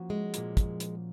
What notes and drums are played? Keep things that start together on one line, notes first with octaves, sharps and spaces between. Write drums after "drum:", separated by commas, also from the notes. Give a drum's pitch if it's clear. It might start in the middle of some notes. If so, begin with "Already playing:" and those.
Already playing: F3 A#3 C#4 F#4
G#3
A#2 F3 A#3, drum: hi-hat
drum: kick, hi-hat
drum: hi-hat